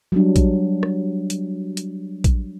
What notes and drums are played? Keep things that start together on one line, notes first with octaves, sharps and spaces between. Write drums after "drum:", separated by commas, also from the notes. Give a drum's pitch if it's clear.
F#3 G3 D4
drum: kick, hi-hat
drum: rim click
drum: hi-hat
drum: hi-hat
drum: kick, hi-hat